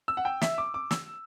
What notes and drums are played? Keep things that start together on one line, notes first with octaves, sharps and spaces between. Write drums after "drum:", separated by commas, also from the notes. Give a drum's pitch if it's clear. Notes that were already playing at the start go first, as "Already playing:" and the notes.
E6
F#5
G5
E5, drum: snare
D6
D6
E6, drum: snare